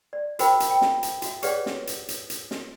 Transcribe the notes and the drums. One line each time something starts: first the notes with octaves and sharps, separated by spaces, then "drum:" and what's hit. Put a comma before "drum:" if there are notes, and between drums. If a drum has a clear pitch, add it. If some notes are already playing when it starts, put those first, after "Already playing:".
D5
F#4 A#4 C5 G5 B5, drum: hi-hat
drum: hi-hat
G5
drum: snare
drum: hi-hat
F#4 E5, drum: hi-hat
G4 G#4 B4 C#5 D5 F#5, drum: hi-hat
drum: snare
drum: hi-hat
drum: hi-hat
drum: hi-hat
drum: snare